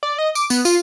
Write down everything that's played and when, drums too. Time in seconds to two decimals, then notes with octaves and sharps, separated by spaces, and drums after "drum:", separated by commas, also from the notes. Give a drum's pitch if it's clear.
0.03 D5
0.18 D#5
0.35 D6, drum: tambourine
0.50 B3, drum: tambourine
0.65 F4, drum: tambourine